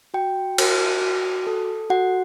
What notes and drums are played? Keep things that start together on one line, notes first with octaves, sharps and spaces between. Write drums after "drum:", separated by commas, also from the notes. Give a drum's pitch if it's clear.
F#4 G5
F#4, drum: cymbal
F#4
A4
F#4 F#5